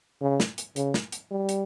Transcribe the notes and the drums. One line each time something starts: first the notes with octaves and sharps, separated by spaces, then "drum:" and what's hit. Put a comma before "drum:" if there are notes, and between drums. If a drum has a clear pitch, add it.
C#3
drum: snare
drum: hi-hat
C#3, drum: hi-hat
drum: snare
drum: hi-hat
G3
drum: hi-hat